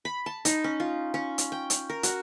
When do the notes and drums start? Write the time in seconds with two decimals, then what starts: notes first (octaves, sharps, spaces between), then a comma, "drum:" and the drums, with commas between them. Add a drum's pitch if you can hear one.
0.05 B5
0.26 A5
0.45 D#4, drum: hi-hat
0.64 C#4
0.80 F4
1.14 C#4
1.38 drum: hi-hat
1.52 G5
1.70 drum: hi-hat
1.90 A#4
2.03 F#4, drum: hi-hat